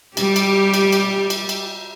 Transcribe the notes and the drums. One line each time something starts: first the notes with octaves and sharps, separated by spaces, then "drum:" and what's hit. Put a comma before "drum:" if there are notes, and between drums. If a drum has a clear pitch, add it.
G3 G4, drum: cymbal
drum: cymbal
drum: cymbal
drum: cymbal
drum: cymbal
drum: cymbal